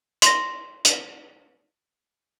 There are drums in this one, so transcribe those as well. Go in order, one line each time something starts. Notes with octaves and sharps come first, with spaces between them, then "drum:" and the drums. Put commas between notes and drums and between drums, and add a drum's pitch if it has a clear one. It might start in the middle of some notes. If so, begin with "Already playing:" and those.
C6 A#6, drum: hi-hat
drum: hi-hat